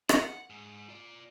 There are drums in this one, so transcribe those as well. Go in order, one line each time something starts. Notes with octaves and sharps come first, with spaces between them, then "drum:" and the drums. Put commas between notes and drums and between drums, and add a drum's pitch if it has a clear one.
F#5, drum: rim click
G#2
F4 D5